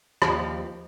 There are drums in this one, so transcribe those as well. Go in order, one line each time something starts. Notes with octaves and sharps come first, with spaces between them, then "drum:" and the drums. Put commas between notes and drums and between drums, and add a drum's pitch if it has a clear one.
D#2 F3 G4 D5, drum: rim click